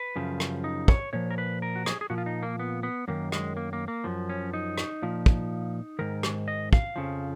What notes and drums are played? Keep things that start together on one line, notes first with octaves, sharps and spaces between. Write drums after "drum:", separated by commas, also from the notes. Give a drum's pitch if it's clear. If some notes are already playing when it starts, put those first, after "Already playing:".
Already playing: B4
F#2 C#3 F3
drum: rim click
D#4
C#5, drum: kick
A#2 F3 C#5
A#4
B4
A#4
F#4
G#4, drum: rim click
G#4
A#2 F3 F#4
F4
D#4
A#3
B3
B3
F#2 D#3 A#3
G#3, drum: rim click
A#3
A#3
A#3
F#2 F3
C#4
D#4
drum: rim click
A#2 F3
drum: kick
G#2 D#3 A#4
drum: rim click
D#5
F5, drum: kick
F2 C#3 F3